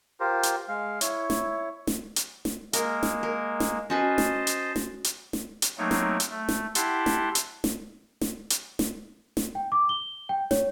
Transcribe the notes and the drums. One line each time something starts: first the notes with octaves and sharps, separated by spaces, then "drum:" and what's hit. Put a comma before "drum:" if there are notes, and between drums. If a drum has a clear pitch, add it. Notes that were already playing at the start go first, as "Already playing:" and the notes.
F4 G4 A#4 C5
drum: hi-hat
G#3 F5
E4 C#5, drum: hi-hat
drum: snare
drum: snare
drum: hi-hat
drum: snare
G#3 A#3 A#4, drum: hi-hat
drum: snare
A#4
drum: snare
C#4 F#4 B4 C5 D#5 A5
drum: snare
drum: hi-hat
drum: snare
drum: hi-hat
drum: snare
drum: hi-hat
F#3 A3 A#3 C4 D#4 C#5
drum: snare
drum: hi-hat
A3
drum: snare
E4 G4 F#5 A5 C6, drum: hi-hat
drum: snare
drum: hi-hat
drum: snare
drum: snare
drum: hi-hat
drum: snare
drum: snare
G5
D6
G7
G5
C#5, drum: snare